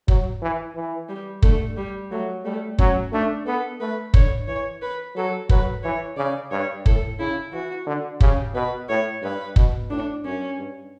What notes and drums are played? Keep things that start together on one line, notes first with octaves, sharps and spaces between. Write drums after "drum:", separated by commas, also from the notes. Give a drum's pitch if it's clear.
F#3, drum: kick
E3
E3
G3
D3 A3, drum: kick
G3
F#3 A3
G3 A3
F#3 C#4, drum: kick
A3 D4
B3 A4
A3 B4
D3 C#5, drum: kick
E3 C#5
B4
F#3 A4
F#3 B4, drum: kick
E3 C#5
C#3 D5
G2 C#5
A2 A4, drum: kick
C#3 E4
E3 F#4
D3
C#3 G4, drum: kick
B2 B4
A2 C#5
G2 B4
B2, drum: kick
A2 D4
F#2 C#4
G2